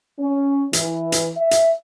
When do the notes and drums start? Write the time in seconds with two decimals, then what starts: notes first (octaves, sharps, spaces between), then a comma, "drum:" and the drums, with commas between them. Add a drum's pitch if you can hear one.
0.19 C#4
0.73 E3, drum: hi-hat
1.12 drum: hi-hat
1.37 E5
1.51 drum: hi-hat